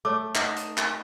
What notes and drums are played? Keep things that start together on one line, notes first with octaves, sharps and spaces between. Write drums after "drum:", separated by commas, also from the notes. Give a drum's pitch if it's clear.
A3 A4 C#5 D6
D#4 D#5 F#5, drum: clap
drum: hi-hat
drum: clap